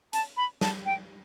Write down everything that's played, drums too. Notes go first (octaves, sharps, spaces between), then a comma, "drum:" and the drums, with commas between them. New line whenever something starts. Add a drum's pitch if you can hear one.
A5, drum: hi-hat
B5
A5, drum: snare
G5